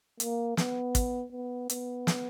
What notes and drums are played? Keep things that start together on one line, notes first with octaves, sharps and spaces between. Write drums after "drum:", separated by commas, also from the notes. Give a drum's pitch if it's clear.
A#3, drum: hi-hat
B3, drum: snare
drum: kick, hi-hat
B3
B3, drum: hi-hat
drum: snare